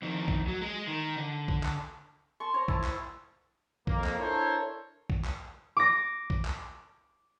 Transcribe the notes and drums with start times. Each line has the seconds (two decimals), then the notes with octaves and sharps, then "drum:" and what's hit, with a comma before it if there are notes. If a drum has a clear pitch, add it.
0.02 F2 D#3
0.28 drum: kick A#1
0.48 F#3
0.62 G#3
0.87 D#3
1.17 D3
1.48 drum: kick A#1
1.63 drum: clap
2.40 A5 C6 C#6
2.54 C5 C#5 A#5
2.68 E4 A5, drum: kick A#1
2.84 drum: clap
3.87 F2 A#3, drum: kick A#1
4.04 drum: clap
4.19 D4 E4 A4 A#4 C5 C#5
5.10 drum: kick A#1
5.25 drum: clap
5.77 D6 A#6
6.30 drum: kick A#1
6.45 drum: clap